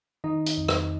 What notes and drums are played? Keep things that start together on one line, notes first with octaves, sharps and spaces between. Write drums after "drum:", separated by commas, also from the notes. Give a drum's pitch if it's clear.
D#3 D#4 D#5
drum: hi-hat
F2
drum: rim click